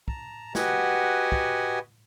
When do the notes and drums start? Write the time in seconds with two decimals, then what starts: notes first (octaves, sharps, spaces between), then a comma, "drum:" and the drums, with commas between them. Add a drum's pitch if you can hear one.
0.08 A5 A#5, drum: kick
0.55 F#4 G4 B4 D#5 F#5 G#5, drum: snare
1.32 drum: kick